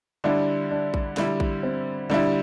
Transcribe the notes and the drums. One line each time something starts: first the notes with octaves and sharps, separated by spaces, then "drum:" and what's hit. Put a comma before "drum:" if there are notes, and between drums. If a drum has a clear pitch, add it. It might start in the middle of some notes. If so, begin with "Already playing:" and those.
D3 G3 D4 E4
D4
drum: kick
D3 G3 D4 E4, drum: snare
drum: kick
C4
D3 G3 D4 E4